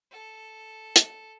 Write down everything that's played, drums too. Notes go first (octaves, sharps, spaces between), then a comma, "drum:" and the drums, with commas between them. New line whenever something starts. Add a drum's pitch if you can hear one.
A4
drum: hi-hat